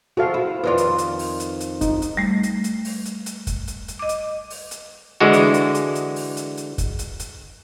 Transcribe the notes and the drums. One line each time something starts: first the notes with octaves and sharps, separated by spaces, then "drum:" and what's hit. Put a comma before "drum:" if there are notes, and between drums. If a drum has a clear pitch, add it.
F3 F#4 A4 F5
E4
F2 D#3 F4 B4 D5
drum: hi-hat
drum: hi-hat
drum: open hi-hat
drum: hi-hat
drum: hi-hat
D#4, drum: kick, hi-hat
drum: hi-hat
G3 A3
drum: hi-hat
drum: hi-hat
drum: open hi-hat
drum: hi-hat
drum: hi-hat
drum: kick, hi-hat
drum: hi-hat
drum: hi-hat
D#5 D6
drum: hi-hat
drum: open hi-hat
drum: hi-hat
D3 E3 G#3 F#4
drum: hi-hat
drum: hi-hat
drum: hi-hat
drum: hi-hat
drum: open hi-hat
drum: hi-hat
drum: hi-hat
drum: kick, hi-hat
drum: hi-hat
drum: hi-hat